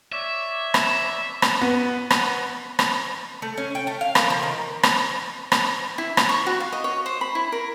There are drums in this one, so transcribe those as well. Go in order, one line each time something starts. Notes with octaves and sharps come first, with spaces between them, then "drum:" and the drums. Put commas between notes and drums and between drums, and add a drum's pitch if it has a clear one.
C#5 D5 E5
drum: rim click
drum: rim click
B3
drum: rim click
drum: rim click
A3
C#4
G5
A3
F5
A#3, drum: rim click
F3
D#3
drum: rim click
drum: rim click
E4
F4, drum: rim click
C#6
F#4
F5
D#5
C#5
C5
B5
E4
A#4